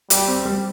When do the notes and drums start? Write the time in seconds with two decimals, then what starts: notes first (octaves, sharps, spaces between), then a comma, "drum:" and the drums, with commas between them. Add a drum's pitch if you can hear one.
0.10 G3 G4, drum: hi-hat
0.27 C4
0.45 G3